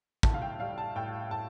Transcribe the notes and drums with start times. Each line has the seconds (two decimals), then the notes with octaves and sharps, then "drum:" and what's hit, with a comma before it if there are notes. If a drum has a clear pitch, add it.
0.23 A2 A5, drum: kick
0.34 F5
0.42 G5
0.59 G3 F5
0.78 A5
0.96 A2 G5
1.31 A2 A5